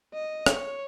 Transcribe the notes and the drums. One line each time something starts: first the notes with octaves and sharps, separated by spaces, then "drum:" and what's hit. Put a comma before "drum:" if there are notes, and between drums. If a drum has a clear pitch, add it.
D#5
C#5, drum: rim click